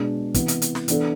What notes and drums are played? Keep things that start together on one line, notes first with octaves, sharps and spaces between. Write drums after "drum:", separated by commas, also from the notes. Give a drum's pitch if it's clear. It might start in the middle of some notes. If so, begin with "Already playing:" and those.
Already playing: B2 G#3 D4 G#4
C3 E3 B3 E4, drum: kick, hi-hat
drum: hi-hat
drum: hi-hat
drum: snare
E3 B3 D4 A4, drum: hi-hat